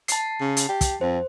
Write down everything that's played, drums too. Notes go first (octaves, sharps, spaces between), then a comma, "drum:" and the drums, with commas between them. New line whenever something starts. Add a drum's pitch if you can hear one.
A5 C7, drum: hi-hat
C#3
drum: hi-hat
G4
drum: kick, hi-hat
F2 C5